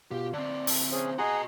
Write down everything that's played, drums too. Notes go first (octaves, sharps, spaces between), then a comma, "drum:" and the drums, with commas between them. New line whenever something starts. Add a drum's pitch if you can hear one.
B2 F4 G4
D3 C4 D5
drum: open hi-hat
C#4 G#4 C5
F#4 G#4 D#5 F#5 G#5 A#5 C6